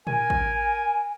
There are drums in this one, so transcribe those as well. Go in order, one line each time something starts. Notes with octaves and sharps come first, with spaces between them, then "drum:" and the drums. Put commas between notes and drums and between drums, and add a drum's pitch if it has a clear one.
A#4 G#5, drum: tom A2
drum: kick A1